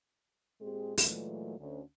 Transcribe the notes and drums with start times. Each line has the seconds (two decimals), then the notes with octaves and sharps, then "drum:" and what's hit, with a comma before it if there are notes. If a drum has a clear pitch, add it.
0.61 A#2 G#3 C4 G4 G#4
0.98 A#2 E3 F#3 G#3 A3, drum: open hi-hat
1.58 D2 C#4